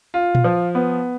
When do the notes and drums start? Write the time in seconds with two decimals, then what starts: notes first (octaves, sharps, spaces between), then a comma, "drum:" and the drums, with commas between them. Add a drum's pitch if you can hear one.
0.14 F4
0.35 drum: tom A#2
0.44 F3
0.75 B3